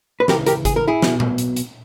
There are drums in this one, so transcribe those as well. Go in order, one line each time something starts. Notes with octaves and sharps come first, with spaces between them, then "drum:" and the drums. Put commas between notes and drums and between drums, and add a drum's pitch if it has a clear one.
B4
C#2 C#3 E3 G4 A#4, drum: snare
G4 A#4, drum: hi-hat
G#4, drum: kick G#1, hi-hat
A#4
E4 G#4
B1 B2, drum: snare
drum: tom A#2
drum: hi-hat
drum: hi-hat